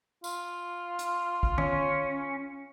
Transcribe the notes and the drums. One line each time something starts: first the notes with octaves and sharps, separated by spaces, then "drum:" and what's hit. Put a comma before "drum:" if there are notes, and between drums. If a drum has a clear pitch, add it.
F4, drum: tambourine
drum: hi-hat
drum: kick
C#4, drum: tom D#3